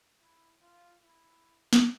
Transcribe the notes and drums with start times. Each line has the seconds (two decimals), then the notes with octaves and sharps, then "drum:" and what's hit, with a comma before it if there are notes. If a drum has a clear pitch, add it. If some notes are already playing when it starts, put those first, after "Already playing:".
0.21 E4
0.61 F4
1.02 E4
1.73 drum: snare